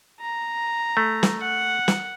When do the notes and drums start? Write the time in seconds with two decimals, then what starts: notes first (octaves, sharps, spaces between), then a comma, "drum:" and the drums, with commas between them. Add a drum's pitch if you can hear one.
0.20 A#5
0.97 A3
1.23 drum: snare
1.41 F#5
1.88 drum: snare